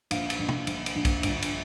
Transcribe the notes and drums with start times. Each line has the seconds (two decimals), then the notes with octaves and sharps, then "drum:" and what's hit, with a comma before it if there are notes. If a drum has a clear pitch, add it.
0.11 A#1 F5, drum: cymbal
0.30 drum: cymbal
0.39 A#1
0.49 drum: tom
0.67 A#1, drum: cymbal
0.86 drum: cymbal
0.96 A#1
1.05 drum: kick A#1, cymbal
1.23 G1, drum: cymbal
1.42 drum: cymbal